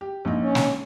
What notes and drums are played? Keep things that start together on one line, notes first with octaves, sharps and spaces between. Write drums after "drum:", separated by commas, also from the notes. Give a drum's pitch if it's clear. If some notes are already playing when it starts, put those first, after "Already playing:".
G4
A#1 D#4
C#4
drum: snare